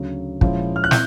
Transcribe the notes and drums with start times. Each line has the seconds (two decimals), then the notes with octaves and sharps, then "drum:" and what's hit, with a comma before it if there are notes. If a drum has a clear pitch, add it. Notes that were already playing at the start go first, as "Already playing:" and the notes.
Already playing: D2 C#3 F#3
0.41 A#2 F3 G#3 C#4 E4, drum: kick
0.76 F6
0.84 F#6
0.91 C4 E4 G6, drum: snare